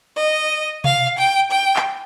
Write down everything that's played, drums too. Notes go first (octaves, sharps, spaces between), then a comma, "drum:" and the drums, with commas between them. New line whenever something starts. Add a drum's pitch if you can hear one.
D#5
F5, drum: tom B2
G5
G5
drum: clap